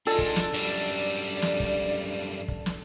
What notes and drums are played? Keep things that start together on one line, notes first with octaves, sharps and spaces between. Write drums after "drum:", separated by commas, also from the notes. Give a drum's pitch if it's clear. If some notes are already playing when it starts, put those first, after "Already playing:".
D4 D#4 F4 G#4 A4
drum: kick
drum: snare
F#2 G3 D4 D5
drum: snare
drum: kick
drum: kick
drum: snare